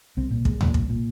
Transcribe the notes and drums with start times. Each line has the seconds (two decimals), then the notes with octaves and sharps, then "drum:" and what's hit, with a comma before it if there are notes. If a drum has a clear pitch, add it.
0.17 C2 C4
0.31 A#2
0.45 C2 G#3, drum: kick
0.61 A#2, drum: tom D#2
0.74 C2, drum: kick
0.89 A#2